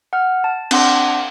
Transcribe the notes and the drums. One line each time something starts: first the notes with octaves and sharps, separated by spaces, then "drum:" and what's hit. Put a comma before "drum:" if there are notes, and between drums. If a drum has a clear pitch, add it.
F#5 F6
A5
C4 D4 F#5 C6 D6 A#6, drum: cymbal